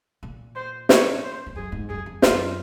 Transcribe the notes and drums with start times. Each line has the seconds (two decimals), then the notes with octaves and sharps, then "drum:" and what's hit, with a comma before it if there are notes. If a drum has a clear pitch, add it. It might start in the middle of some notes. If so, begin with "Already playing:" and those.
0.23 A#2
0.56 C5
0.89 C#5, drum: snare
1.23 C5
1.46 F2
1.56 F#2 G#4
1.72 G#2
1.89 F#2 G#4
2.06 F2
2.22 F#2 F4, drum: snare